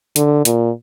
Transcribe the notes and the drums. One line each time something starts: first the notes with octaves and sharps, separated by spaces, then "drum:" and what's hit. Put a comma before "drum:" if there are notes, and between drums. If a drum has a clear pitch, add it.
D3, drum: hi-hat
A#2, drum: hi-hat